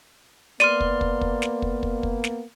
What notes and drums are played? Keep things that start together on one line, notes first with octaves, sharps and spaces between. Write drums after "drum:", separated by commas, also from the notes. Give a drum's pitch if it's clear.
A#3 B3 D5 C6 F6 D#7, drum: snare
drum: kick
drum: kick
drum: kick
drum: snare
drum: kick
drum: kick
drum: kick
drum: snare